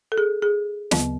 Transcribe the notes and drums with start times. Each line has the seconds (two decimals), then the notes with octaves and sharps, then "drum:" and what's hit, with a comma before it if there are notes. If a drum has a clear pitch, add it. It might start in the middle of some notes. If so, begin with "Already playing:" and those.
0.12 A4
0.18 G#4
0.42 G#4
0.91 D2 C#3 F#3 B3, drum: snare